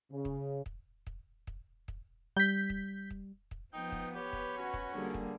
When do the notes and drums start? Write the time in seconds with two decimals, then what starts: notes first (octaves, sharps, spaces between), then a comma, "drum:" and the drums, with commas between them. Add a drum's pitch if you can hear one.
0.12 C#3
0.25 drum: kick
0.66 drum: kick
1.07 drum: kick
1.47 drum: kick
1.88 drum: kick
2.37 G3 G6 B6
2.70 drum: kick
3.10 drum: kick
3.51 drum: kick
3.73 F3 B3 D#4 G5
3.92 drum: kick
4.15 G4 B4 C#5
4.33 drum: kick
4.58 C#4 F#4
4.74 drum: kick
4.94 D3 G3 A#3 G#4
5.14 drum: kick